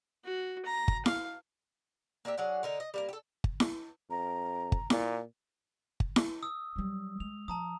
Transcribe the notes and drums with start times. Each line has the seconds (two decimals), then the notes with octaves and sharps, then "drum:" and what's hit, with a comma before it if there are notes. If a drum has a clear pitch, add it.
0.24 F#4
0.66 A#5
0.88 drum: kick G1
1.06 F5, drum: snare E4
2.25 A#3 D4 G4 E5
2.38 F#3 D4 G#4 F#5
2.63 D3 D#4 A#4
2.80 D#5
2.94 G3 A#3 A#4
3.09 G4 A4
3.44 drum: kick G1
3.60 drum: snare E4
4.10 F2 A#5
4.72 drum: kick G1
4.90 A#2, drum: snare E4
6.00 drum: kick G1
6.16 drum: snare E4
6.43 D#6 E6
6.76 F#3 G3
7.20 G#3 F7
7.48 F3 A5 A#5 D#6